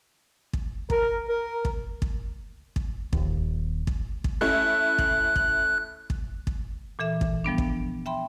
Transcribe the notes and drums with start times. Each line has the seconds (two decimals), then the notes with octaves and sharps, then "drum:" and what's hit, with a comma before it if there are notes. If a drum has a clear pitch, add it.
0.53 drum: kick
0.90 A#4, drum: kick
1.28 A#4
1.65 drum: kick
2.02 drum: kick
2.76 drum: kick
3.13 D#1 D#2, drum: kick
3.87 drum: kick
4.24 drum: kick
4.41 A3 C#4 E4 F#6
4.98 drum: kick
5.36 drum: kick
6.10 drum: kick
6.47 drum: kick
6.99 A#2 E3 A4 E5
7.21 drum: kick
7.44 F3 G3 B3 D4
7.58 drum: kick
8.06 E5 G5 B5 C6